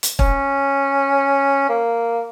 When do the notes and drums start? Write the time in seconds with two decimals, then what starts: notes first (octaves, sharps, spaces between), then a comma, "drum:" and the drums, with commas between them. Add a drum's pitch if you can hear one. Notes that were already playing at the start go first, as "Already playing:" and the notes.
0.03 drum: hi-hat
0.19 C#4, drum: kick
1.69 A#3